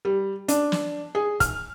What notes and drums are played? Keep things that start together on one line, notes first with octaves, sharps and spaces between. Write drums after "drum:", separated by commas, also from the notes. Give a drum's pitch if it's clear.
G3
D4, drum: hi-hat
drum: snare
G#4
F6, drum: kick, hi-hat